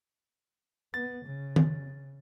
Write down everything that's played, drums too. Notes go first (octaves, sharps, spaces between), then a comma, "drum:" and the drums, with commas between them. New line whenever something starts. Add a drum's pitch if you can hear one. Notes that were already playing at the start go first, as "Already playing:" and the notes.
B3 A6
C#3
drum: tom D#3